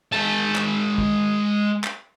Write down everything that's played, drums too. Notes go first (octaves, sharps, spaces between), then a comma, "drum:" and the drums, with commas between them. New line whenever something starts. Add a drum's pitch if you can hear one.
G#3 A5
drum: clap
drum: kick
drum: clap